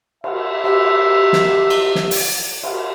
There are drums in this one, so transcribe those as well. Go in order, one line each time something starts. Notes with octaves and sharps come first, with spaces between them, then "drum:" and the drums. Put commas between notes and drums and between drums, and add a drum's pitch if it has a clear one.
E5, drum: cymbal
G4, drum: cymbal
drum: snare
drum: cymbal
drum: snare
drum: open hi-hat
drum: cymbal